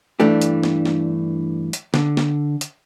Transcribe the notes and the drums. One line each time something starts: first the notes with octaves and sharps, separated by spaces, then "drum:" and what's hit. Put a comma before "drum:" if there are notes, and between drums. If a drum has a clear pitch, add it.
G2 E3 A3 D4 G4
drum: hi-hat
drum: snare
drum: snare
drum: hi-hat
D3, drum: snare
drum: snare
drum: hi-hat